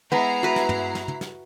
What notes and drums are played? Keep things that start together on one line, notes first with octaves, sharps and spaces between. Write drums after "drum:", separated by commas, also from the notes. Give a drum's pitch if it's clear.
G#3 B3 E4 A#5 C7
F#4 B4
drum: snare
drum: tom
drum: snare
drum: tom
drum: snare